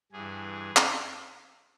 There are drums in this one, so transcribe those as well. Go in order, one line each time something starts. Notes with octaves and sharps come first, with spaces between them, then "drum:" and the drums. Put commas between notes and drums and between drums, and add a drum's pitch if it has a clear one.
G2 E3 G#4
drum: clap